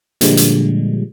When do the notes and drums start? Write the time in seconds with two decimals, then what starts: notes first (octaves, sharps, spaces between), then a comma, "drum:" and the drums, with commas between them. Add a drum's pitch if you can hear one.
0.21 A#2 D3 F3 G3 G#3, drum: hi-hat
0.37 drum: hi-hat